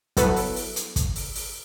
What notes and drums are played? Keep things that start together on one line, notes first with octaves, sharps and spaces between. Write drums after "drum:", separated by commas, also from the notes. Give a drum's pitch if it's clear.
F#3 B3 E4 A4 B4, drum: kick, hi-hat
drum: open hi-hat
drum: open hi-hat
drum: hi-hat
drum: kick, hi-hat
drum: open hi-hat
drum: open hi-hat